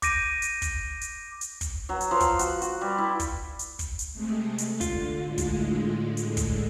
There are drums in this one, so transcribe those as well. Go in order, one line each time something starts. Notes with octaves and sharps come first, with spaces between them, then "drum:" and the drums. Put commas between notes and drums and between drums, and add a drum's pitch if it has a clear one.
D6 G6 A#6 D7 D#7, drum: kick, hi-hat
drum: hi-hat
drum: kick, hi-hat
drum: hi-hat
drum: hi-hat
drum: kick, hi-hat
F#3
drum: hi-hat
F3
drum: kick, hi-hat
F#4, drum: hi-hat
F#4, drum: hi-hat
G3
E4
drum: kick, hi-hat
drum: hi-hat
drum: kick, hi-hat
drum: hi-hat
C3 G#3 A3
drum: hi-hat
D3 F4, drum: kick, hi-hat
A2 D3 G#3
drum: kick, hi-hat
drum: hi-hat
drum: kick, hi-hat